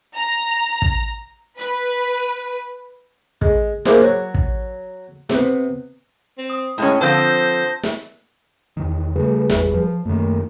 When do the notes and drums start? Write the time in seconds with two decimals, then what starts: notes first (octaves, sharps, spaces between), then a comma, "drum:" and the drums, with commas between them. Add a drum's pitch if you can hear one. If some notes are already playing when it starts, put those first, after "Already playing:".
0.15 A#5
0.82 drum: kick
1.59 B4, drum: hi-hat
3.41 G#3, drum: kick
3.85 A#3 D4 E4 G4 G#4 C5, drum: snare
4.01 F#3 C#5
4.34 drum: kick
5.29 C3 B3, drum: snare
6.38 C4
6.50 D#6
6.78 A2 G#3 C#4
7.01 D3 F3 C4 C5 A5 G6 A#6
7.83 drum: snare
8.77 E2 D#3
9.16 C#3 G3 A3 G#4 B4
9.50 D#1 G#1 E2, drum: snare
9.74 F3
10.05 F#2 D#3 A3 A#3